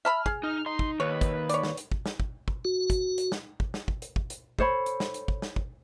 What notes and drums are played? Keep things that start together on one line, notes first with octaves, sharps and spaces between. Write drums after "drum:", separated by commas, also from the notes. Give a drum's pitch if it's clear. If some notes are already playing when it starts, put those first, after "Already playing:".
E5 A5 B5 F6
G#4, drum: kick
D#4 F6
D#4 C6
drum: kick
D#2 B4 C#5
drum: kick, hi-hat
C#5 D5, drum: hi-hat
drum: snare
drum: hi-hat
drum: kick
drum: snare
drum: kick
drum: kick
F#4
drum: kick, hi-hat
drum: hi-hat
drum: snare
drum: kick
drum: snare
drum: kick
drum: hi-hat
drum: kick
drum: hi-hat
A4 C5 C#5 B5, drum: kick
drum: hi-hat
drum: snare
drum: hi-hat
drum: kick
drum: snare
drum: kick